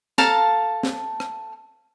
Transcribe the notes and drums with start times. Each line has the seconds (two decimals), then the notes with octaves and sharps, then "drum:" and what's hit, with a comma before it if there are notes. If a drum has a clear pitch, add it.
0.18 A4 F5 A5 A#5, drum: snare
0.83 drum: snare
1.20 drum: rim click